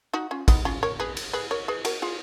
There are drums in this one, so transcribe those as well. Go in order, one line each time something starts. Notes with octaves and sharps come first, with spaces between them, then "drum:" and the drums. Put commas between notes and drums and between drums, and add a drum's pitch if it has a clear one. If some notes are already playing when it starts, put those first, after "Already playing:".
D#4 F#4
C#4 F4
B3 D#4, drum: kick, cymbal
C#4 F4
A#4 C#5
G#4 B4
drum: cymbal
G#4 B4
A#4 C#5
G#4 B4
F#4 A#4, drum: cymbal
F4 G#4